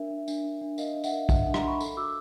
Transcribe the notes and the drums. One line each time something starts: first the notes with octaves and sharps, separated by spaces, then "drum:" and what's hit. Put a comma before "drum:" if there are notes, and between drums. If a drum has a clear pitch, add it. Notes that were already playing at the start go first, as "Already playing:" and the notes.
Already playing: D4 A#4 E5
D4
D4, drum: tambourine
D4
D4
A#4 D#5 F5, drum: tambourine
D4
E5 F#5, drum: tambourine
A#4
D4 E5 F#5, drum: kick, tambourine
E5 F#5
D4
A#5 C6, drum: rim click
D4 B5 C#6
A4, drum: tambourine
F#4 D6 E6